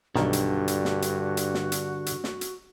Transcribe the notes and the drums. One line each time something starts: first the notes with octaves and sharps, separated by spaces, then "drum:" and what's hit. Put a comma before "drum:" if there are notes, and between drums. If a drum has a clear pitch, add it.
B1 G2 D3 D#3 F#4, drum: snare
drum: hi-hat
drum: hi-hat
drum: snare
drum: hi-hat
drum: hi-hat
drum: snare
drum: hi-hat
drum: hi-hat
drum: snare
drum: hi-hat